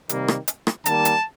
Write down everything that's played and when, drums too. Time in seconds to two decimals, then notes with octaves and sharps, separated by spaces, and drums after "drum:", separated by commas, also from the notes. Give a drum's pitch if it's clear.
0.09 C3 D#3 G3 A#3, drum: hi-hat
0.28 drum: rim click
0.48 drum: hi-hat
0.67 drum: rim click
0.86 D#3 G3 A#3 A5, drum: hi-hat
1.05 drum: hi-hat